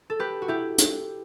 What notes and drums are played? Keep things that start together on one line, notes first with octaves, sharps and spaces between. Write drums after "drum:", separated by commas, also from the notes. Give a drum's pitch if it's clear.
A4
G4 B4
F#4
E4 G4
drum: hi-hat